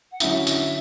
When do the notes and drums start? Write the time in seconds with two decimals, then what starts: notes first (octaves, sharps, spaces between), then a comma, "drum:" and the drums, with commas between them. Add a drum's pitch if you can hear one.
0.11 F#5
0.20 D3 F#3 C#4 E4 E5, drum: tambourine
0.47 drum: tambourine